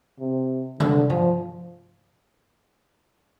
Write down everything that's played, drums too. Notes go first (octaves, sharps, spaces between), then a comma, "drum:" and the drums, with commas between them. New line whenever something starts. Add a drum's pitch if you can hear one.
C3
D3, drum: tom C3
F3, drum: tom